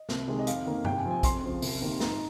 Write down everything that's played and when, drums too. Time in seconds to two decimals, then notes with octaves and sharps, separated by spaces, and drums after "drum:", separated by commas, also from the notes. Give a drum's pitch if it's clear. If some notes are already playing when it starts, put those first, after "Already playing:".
Already playing: D#5
0.09 C2, drum: snare
0.28 C3 D#3 G#3
0.39 D#5
0.47 F2 F5, drum: hi-hat
0.66 D#3 A#3
0.85 C3 G5, drum: tom G2
0.98 G#5
1.05 F3 C4
1.11 G#5
1.23 F2 C6, drum: kick, hi-hat
1.43 C#3 F3
1.62 C2, drum: open hi-hat
1.81 C3 D#3 A#3
2.00 G#2 A#5, drum: snare